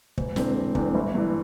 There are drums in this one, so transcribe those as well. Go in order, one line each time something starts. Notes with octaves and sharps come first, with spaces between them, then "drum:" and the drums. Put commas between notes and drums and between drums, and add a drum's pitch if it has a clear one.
E1, drum: kick
E2 D3 C4, drum: snare
E1
E2 D3 C4, drum: kick
G1
G2 E3